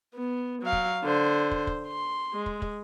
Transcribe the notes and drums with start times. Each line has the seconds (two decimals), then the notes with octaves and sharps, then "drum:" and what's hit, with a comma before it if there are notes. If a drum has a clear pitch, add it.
0.15 B3
0.63 F#3 F5
0.72 drum: kick
1.04 D3 C5
1.51 drum: kick
1.67 drum: kick
1.87 C6
2.33 G#3
2.46 drum: kick
2.62 drum: kick